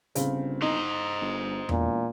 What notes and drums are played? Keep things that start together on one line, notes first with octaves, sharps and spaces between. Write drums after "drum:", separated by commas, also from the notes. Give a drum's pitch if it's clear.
G1 C#3 C4, drum: hi-hat
D#4 C5 D#5
G1
E1 A#2, drum: tom E2